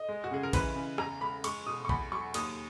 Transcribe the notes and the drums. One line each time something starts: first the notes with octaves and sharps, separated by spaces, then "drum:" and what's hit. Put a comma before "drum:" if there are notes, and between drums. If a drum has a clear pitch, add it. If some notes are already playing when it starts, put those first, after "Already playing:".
Already playing: D#5
G#3
F#4
C#3 G#4
A#4
E3 B4, drum: kick, cymbal
C#3
E2 A#5, drum: rim click
G#3 B5
G#3 C#6, drum: cymbal
B2 D#6
C#6
E2 B5, drum: kick
F#3 C#6
D#2 D#6, drum: cymbal